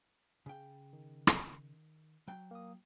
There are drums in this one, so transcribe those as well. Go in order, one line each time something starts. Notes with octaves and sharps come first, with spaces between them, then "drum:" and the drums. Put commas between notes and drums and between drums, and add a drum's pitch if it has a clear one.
C#3 G5
D#3
drum: rim click
F#3 G5
A#3 D#6